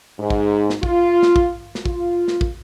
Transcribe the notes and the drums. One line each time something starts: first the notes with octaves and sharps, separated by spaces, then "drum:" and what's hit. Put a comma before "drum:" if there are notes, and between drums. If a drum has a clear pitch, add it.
G#2
drum: kick
drum: snare
F4, drum: kick
drum: snare
drum: kick
drum: snare
F4, drum: kick
drum: snare
drum: kick